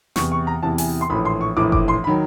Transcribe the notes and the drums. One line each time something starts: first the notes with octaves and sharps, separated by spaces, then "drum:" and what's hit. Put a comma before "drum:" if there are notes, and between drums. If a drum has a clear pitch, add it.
E2 C3 E3 C#6, drum: snare
C#6
A#5
E2 C3 E3 A5
G#5, drum: open hi-hat
C6
A#1 A2 E3 B5
C6
C#6
A#1 A2 E3 D6
D6, drum: kick F#1
C6
B5
D#3 F#3